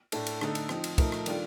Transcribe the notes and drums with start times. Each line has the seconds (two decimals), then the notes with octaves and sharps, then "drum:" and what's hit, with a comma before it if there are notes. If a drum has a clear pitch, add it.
0.12 A2 A3 D4 A4, drum: cymbal
0.27 drum: cymbal
0.41 D3 A3 D#4 A4, drum: rim click
0.55 drum: cymbal
0.69 F3 C4 D#4, drum: rim click
0.84 drum: cymbal
0.98 F3 A3 D#4 A#4, drum: kick, cymbal
1.12 drum: rim click
1.26 D#3 G3 D4 F4 A4, drum: cymbal